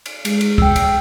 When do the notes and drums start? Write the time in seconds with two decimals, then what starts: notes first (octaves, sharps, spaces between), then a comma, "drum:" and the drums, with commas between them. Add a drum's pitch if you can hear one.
0.06 drum: cymbal
0.25 G#3, drum: cymbal
0.41 drum: cymbal
0.58 G5 E6, drum: kick
0.76 drum: cymbal